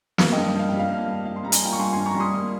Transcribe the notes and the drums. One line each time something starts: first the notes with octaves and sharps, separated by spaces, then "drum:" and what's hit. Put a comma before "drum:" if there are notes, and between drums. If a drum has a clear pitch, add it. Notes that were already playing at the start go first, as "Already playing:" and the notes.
A#3 F5, drum: snare
D#5 G5
G2
G2
F5
G3 G5
F5
A#3
G2
G2 F5
C6
G3 A#5
F5 G#5, drum: hi-hat
A#3 G5 A#5
C#6
G2 G#5 C6
G#5 C6
G2
A#5 C#6
G3
C6 D#6
A#3